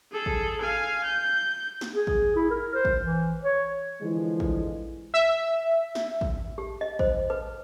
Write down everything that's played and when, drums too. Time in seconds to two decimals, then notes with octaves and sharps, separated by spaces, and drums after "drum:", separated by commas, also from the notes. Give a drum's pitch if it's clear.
0.12 G#4 A4
0.26 drum: kick A1
0.61 F5 G#5
1.04 G6
1.81 drum: snare
1.95 G#4
2.07 drum: kick A1
2.36 E4
2.51 A#4
2.74 C5
2.85 drum: kick A1
3.03 E3
3.44 C#5
4.01 D3 E3 F3 G#3
4.40 drum: kick A1
5.14 E5
5.95 drum: snare
6.21 drum: kick A1
6.58 G4
6.81 D#5
6.99 C5, drum: kick A1
7.30 B4